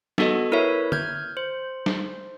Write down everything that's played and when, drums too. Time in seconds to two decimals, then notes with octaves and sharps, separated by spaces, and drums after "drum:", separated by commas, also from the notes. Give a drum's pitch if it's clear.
0.18 B3 F#4 A4 D#5, drum: snare
0.52 E4 A#4 B4 C#5 E5
0.92 F6 G6 G#6, drum: tom
1.37 C5
1.86 drum: snare